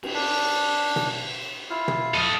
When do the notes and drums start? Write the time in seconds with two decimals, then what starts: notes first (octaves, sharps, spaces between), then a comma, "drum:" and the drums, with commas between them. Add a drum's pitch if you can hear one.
0.03 drum: cymbal
0.14 D4
0.96 drum: tom
1.70 E4 F4 F5
1.88 drum: tom
2.14 A4 D#5